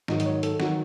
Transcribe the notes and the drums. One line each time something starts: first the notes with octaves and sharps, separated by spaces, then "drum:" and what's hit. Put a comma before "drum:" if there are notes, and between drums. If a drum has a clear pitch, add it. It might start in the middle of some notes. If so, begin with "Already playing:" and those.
G#2 D#3 F#3 D#5, drum: snare
D#5, drum: hi-hat
C#5
A4, drum: hi-hat
D#3 F#3 F#4, drum: snare